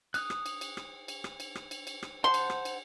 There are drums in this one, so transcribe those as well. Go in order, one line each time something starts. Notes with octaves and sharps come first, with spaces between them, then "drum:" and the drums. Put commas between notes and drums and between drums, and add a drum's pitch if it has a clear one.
D#6 F#6, drum: cymbal
drum: rim click
drum: cymbal
drum: cymbal
drum: rim click
drum: cymbal
drum: rim click
drum: cymbal
drum: rim click
drum: cymbal
drum: cymbal
drum: rim click
C5 F#5 A5 C6
drum: cymbal
drum: rim click
drum: cymbal